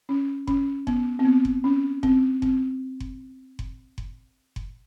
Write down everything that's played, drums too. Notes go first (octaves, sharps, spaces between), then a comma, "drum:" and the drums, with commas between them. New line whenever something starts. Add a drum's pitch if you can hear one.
C#4
C#4, drum: kick F#1
B3, drum: kick F#1
C4
B3
drum: kick F#1
C#4
C4, drum: kick F#1
C4, drum: kick F#1
drum: kick F#1
drum: kick F#1
drum: kick F#1
drum: kick F#1